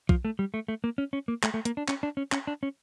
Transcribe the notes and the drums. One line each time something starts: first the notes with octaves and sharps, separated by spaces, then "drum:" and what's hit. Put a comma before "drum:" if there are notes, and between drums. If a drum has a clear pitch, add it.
F3, drum: kick
A3
G3
A3
A3
A#3
C#4
C#4
A#3
A3, drum: clap
A3
A#3, drum: hi-hat
D4
C#4, drum: clap
D4
C#4
C#4, drum: clap
D4
C#4